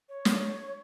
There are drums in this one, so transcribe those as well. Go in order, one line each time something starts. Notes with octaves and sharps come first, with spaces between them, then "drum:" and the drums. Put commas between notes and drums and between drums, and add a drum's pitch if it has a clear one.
C#5
drum: snare